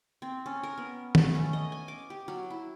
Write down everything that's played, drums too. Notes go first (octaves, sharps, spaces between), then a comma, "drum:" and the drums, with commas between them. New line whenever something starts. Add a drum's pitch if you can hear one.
C4
C#4
A#4
B3
A3, drum: tom D#3
C#4
D#5
G#5
D6
G4
F#3
E4